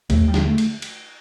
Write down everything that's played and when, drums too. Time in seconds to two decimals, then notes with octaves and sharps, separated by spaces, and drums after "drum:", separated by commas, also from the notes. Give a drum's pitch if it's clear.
0.10 D#2 A3, drum: kick, cymbal
0.28 G3
0.34 D3, drum: snare
0.46 A3
0.58 drum: cymbal
0.82 drum: cymbal